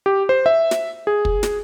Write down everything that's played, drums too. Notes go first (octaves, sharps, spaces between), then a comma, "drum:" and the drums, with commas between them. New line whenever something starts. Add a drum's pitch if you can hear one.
G4
C5
E5
drum: snare
G#4
drum: kick
drum: snare